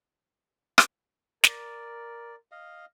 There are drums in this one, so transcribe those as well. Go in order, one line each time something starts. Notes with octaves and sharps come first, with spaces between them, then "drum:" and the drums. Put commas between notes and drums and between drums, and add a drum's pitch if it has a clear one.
drum: rim click
A#4 D5, drum: snare
D#5 F5